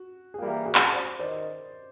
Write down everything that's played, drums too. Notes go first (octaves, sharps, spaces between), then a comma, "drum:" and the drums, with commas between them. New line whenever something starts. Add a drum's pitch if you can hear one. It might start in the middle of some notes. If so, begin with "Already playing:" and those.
Already playing: F#4
G#4
E3 G3 A#3 F4 G4
F#4 G#4
drum: clap
C5 D5
D#3 C5 D5